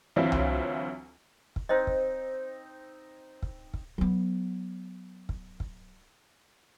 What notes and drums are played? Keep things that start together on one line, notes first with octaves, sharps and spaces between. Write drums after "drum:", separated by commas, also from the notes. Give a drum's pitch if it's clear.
D2 E3 F#3 C4 E4 F4
drum: tom C2
drum: kick
C4 D#4 C5 D#5
drum: kick
drum: kick
drum: kick
F#3 B3
drum: kick
drum: kick